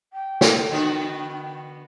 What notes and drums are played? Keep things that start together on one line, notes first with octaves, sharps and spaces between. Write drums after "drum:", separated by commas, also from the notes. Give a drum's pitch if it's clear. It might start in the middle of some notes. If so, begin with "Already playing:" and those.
G5
drum: snare
D3 B3 F#4